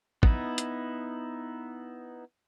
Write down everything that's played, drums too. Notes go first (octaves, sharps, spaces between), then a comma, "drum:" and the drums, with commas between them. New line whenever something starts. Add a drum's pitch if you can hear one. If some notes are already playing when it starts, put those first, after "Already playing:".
B3 D#4 E4, drum: kick
drum: hi-hat